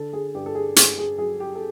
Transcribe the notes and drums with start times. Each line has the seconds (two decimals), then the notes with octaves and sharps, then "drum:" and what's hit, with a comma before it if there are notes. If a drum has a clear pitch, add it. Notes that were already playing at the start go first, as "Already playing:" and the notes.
Already playing: D3 A4
0.13 G#4
0.34 G2 G4
0.46 A4
0.55 G#4
0.76 G2 G#4, drum: hi-hat
0.98 G#4
1.18 F#3 G#4
1.40 G4
1.55 A4